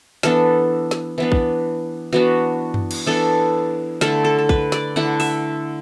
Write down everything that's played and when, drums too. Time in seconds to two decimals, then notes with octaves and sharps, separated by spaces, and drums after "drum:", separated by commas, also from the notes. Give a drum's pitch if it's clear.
0.23 E3 B3 D4 A4, drum: snare
0.91 drum: snare
1.18 E3 B3 D4
1.32 drum: kick
2.13 E3 B3 D4 F#4
2.74 drum: tom F#2
2.91 drum: cymbal
3.06 E3 B3 D4 A4
4.01 D3 A3 E4 A4, drum: snare
4.25 A4
4.38 A4
4.49 B4, drum: kick
4.72 D5, drum: snare
4.96 D3 A3 E4 F#5
5.20 E5, drum: open hi-hat